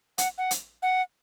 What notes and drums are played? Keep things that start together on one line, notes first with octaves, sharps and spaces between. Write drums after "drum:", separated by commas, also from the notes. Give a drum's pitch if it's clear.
F#5, drum: hi-hat
F#5
drum: hi-hat
F#5